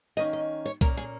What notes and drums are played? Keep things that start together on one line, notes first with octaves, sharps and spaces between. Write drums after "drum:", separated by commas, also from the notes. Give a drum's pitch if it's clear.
D#3 A#3 C#4 D#5
D#5
C#5
A#2 A#3 C#4 A#4, drum: kick C2, hi-hat
G#4